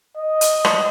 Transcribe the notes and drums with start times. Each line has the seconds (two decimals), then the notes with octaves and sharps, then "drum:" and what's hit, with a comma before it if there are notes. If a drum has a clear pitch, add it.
0.17 D#5
0.41 drum: hi-hat
0.65 drum: rim click